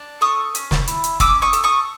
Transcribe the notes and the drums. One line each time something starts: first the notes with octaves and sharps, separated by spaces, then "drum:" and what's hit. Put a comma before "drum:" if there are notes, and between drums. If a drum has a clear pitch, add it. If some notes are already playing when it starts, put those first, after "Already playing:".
Already playing: D4
A4 C#6 D#6
C#4, drum: hi-hat
drum: snare
E4, drum: hi-hat
drum: hi-hat
C#4 D6 E6, drum: kick, hi-hat
C#6 D#6
A4, drum: hi-hat
C#6 D#6